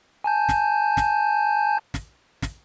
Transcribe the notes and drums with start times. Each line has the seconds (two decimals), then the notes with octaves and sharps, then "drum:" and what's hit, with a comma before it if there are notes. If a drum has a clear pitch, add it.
0.24 G#5 A5 G6
0.49 drum: snare
0.97 drum: snare
1.94 drum: snare
2.42 drum: snare